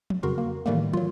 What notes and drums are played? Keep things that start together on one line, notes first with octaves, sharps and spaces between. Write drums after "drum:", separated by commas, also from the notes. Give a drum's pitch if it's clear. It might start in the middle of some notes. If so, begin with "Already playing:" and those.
drum: tom
F2 C#3 F#4 A#4 C6
A#3
A2 D#3 E3 G3 A3 A#3
F#3 F4, drum: tom